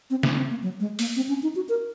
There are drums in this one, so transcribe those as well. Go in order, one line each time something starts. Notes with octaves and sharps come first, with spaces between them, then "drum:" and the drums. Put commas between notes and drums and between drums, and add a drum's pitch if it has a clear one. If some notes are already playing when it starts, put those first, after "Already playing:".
C4
A#3, drum: snare
C4
A#3
F#3
G#3
A#3, drum: open hi-hat
C4
C#4
D#4
F#4
A#4